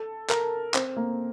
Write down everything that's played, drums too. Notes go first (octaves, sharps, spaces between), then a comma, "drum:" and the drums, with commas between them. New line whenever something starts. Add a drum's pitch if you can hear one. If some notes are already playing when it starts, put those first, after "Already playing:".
Already playing: A4
A#4, drum: clap
C4, drum: clap
A#3